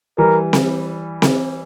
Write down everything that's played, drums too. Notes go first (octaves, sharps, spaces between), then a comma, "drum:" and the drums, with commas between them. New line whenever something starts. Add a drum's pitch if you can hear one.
E3 G3 A#4
drum: snare C4
drum: snare C4